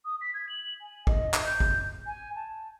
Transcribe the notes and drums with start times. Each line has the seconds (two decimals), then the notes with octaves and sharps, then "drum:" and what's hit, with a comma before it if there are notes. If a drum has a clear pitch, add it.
0.05 D#6
0.21 B6
0.34 G#6
0.49 F#7
0.81 G#5
1.07 D#5, drum: kick
1.34 drum: clap
1.44 G6
1.60 drum: kick
2.06 G#5
2.35 A5